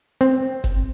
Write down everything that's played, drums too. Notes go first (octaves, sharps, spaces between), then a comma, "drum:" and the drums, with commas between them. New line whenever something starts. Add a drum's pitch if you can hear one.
C4, drum: hi-hat
drum: kick F#1, hi-hat